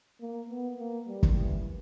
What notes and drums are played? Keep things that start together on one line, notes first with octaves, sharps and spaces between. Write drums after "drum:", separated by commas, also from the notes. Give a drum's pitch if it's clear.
A#3
B3
A#3
G3
drum: kick
E3